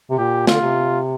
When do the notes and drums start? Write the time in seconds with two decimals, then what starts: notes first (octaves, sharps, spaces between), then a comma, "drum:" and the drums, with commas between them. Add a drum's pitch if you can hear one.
0.11 C3
0.18 A#2 G4
0.47 D3 F4, drum: snare
0.62 C3